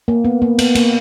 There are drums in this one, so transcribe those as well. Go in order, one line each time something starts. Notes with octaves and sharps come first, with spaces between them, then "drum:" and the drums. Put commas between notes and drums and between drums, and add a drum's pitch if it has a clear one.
A#3
B3
A#3
B3, drum: cymbal
A#3, drum: cymbal